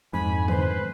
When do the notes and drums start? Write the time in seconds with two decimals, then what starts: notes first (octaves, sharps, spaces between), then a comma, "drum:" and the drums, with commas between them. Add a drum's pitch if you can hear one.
0.13 F2 G#2 G#5 B5
0.48 B4 C5, drum: tom D3